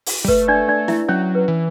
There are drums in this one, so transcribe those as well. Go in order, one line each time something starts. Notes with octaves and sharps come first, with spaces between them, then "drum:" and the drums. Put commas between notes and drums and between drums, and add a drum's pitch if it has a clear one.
drum: open hi-hat
G3
A3 B4, drum: kick
D4 D5
D4 D5
E4 E5, drum: snare
F#3 C#4 C#5
B4
E3